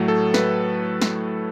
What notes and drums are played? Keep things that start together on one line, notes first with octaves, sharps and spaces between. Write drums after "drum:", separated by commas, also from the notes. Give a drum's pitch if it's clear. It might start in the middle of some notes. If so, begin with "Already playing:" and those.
Already playing: A2 F#3 A3
A4
B4, drum: snare
drum: snare